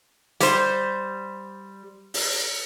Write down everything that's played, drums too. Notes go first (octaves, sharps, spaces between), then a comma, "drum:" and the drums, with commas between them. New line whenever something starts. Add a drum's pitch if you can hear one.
G3 C5, drum: hi-hat
drum: open hi-hat